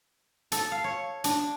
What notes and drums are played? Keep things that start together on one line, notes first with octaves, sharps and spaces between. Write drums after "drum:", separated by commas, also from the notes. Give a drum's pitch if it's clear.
A4, drum: hi-hat
F5
C#5
D4, drum: hi-hat